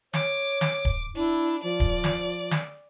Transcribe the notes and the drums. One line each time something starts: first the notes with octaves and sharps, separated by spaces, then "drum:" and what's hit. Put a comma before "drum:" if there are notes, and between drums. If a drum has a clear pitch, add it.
C#5 D6, drum: snare
drum: snare
drum: kick D1
D4 E4
F3 D5
drum: kick D1
drum: snare
drum: snare